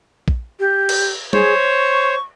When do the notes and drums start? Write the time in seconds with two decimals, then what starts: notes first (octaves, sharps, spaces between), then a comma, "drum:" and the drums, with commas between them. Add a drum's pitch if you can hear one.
0.28 drum: kick A#1
0.60 G4
0.89 drum: cymbal
1.33 G#4 C5 C#5, drum: tom G3
1.57 C#6